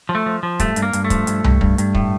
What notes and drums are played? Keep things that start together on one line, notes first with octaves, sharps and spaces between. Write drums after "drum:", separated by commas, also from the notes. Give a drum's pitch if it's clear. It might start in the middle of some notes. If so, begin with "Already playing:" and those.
F3
A3
F3
F3
G2 A3, drum: kick, hi-hat
G2, drum: hi-hat
A#3
G2, drum: hi-hat
A3
F3, drum: kick, hi-hat
G2, drum: hi-hat
G2, drum: tom C2
G2, drum: kick
G2, drum: hi-hat
A2, drum: kick